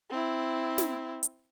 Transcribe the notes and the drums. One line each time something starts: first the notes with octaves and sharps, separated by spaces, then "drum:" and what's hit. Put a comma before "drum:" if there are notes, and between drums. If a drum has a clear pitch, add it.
C4 E4
drum: snare
drum: hi-hat